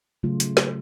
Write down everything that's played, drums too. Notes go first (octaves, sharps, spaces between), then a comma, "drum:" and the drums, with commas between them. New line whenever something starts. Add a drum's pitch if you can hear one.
C#3 F#3 A3 F4
drum: hi-hat
drum: snare